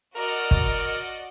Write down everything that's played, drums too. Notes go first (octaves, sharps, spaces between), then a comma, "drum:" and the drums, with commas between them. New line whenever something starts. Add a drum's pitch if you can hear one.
F#4 A#4 D5 D#5
drum: kick